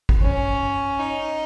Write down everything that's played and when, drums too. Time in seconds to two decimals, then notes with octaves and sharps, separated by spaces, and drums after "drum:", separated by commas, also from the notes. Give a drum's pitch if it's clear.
0.09 drum: kick
0.22 C#4
0.99 D#4